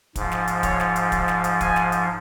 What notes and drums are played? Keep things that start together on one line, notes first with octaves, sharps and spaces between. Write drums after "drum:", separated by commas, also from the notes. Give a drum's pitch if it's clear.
G#2 F3, drum: kick, hi-hat
drum: snare
drum: hi-hat
C#5, drum: kick, hi-hat
drum: snare
drum: hi-hat
drum: kick, hi-hat
drum: snare
drum: hi-hat
G#5, drum: kick, hi-hat
drum: snare
drum: hi-hat